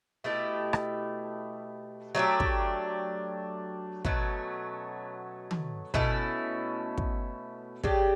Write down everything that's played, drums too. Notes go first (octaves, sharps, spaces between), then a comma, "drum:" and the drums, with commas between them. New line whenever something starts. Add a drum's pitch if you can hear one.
B2 A3 E4 G4
drum: rim click
F#3 A3 D4 G4
drum: kick
B2 F#3 A3 C#4, drum: kick
drum: tom D#3
B2 A3 C#4 E4, drum: kick
drum: kick
C#3 G3 D4 G4, drum: kick